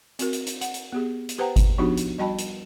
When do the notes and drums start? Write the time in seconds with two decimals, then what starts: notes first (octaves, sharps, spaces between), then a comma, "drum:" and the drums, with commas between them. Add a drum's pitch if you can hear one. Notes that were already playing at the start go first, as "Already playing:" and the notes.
0.19 C4 F#4 A#4, drum: hi-hat
0.33 drum: hi-hat
0.46 drum: hi-hat
0.61 F#5, drum: hi-hat
0.74 drum: hi-hat
0.92 B3 G4 G#4
1.29 drum: hi-hat
1.38 G4 B4 C5 F#5 G5 A#5
1.56 drum: kick G1, hi-hat
1.78 F3 B3 D4 D#4 F#4 G4
1.97 drum: hi-hat
2.18 G3 F#4 D#5 G5 A5 B5
2.38 drum: hi-hat